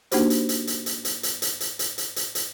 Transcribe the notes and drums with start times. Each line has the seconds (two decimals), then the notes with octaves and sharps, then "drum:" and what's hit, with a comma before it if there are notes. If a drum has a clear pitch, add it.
0.12 A#3 D4 D#4 F#4 G4 C5, drum: hi-hat
0.30 drum: hi-hat
0.49 drum: hi-hat
0.67 drum: hi-hat
0.86 drum: hi-hat
1.05 drum: hi-hat
1.23 drum: hi-hat
1.42 drum: hi-hat
1.60 drum: hi-hat
1.79 drum: hi-hat
1.98 drum: hi-hat
2.16 drum: hi-hat
2.35 drum: hi-hat